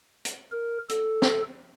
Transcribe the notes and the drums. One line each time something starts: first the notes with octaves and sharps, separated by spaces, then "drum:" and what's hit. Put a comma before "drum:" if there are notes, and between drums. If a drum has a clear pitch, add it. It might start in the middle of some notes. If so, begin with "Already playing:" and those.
drum: hi-hat
A#4
A4, drum: hi-hat
drum: snare